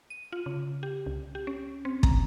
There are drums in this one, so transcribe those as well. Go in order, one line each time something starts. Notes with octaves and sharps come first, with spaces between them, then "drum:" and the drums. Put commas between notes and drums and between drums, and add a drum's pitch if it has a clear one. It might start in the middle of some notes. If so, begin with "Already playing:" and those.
D#7
F4
C#3
G4
C#2
G4
C#4
C4
A#5, drum: kick